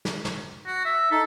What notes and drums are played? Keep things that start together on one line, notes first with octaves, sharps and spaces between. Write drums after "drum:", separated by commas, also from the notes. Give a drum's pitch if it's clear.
drum: snare
drum: snare
F#4
E5
D#4 A4